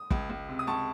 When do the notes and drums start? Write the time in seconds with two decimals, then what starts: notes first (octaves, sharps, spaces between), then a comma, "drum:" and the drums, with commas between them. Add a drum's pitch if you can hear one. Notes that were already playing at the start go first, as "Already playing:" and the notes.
Already playing: D#6
0.11 C#2, drum: kick
0.30 C#2
0.49 C3
0.59 D#6
0.67 C#2 A5 C#6